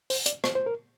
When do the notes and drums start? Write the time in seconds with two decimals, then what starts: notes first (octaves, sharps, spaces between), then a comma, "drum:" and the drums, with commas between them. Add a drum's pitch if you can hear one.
0.10 C5, drum: open hi-hat
0.26 D5, drum: hi-hat
0.44 C5, drum: rim click
0.55 C5
0.66 A#4